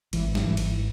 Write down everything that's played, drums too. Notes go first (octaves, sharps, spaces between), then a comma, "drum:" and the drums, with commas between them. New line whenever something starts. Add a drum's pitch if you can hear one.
G#1 E3, drum: cymbal
drum: snare
G#1 E3
drum: cymbal